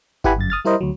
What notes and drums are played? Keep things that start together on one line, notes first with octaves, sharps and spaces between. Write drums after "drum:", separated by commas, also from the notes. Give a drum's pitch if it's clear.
E4 G4 B4 F#5 G#5 B5, drum: kick G1
G1 F#2 A6
D#6 F6 A6
G3 E4 A#4 C5 D#5
D2 F#3